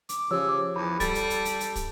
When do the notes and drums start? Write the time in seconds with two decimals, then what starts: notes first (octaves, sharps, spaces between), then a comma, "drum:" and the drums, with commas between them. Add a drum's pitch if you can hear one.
0.09 D6, drum: hi-hat
0.31 C#3 F3 G4 C#5 E6
0.48 D6
0.76 E2 B5
1.00 G3 A4 A6, drum: kick, hi-hat
1.15 drum: hi-hat
1.30 drum: hi-hat
1.45 drum: hi-hat
1.60 drum: hi-hat
1.75 drum: kick, hi-hat